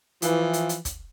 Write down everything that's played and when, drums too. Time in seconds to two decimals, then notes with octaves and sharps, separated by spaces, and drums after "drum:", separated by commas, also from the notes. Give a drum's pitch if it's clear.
0.22 E3 F3, drum: hi-hat
0.53 drum: hi-hat
0.69 drum: hi-hat
0.85 drum: kick, hi-hat